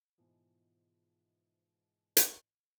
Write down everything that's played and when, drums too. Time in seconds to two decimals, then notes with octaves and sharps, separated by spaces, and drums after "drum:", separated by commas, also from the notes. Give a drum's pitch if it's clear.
0.18 G#2 B2 E3 F3
2.17 drum: hi-hat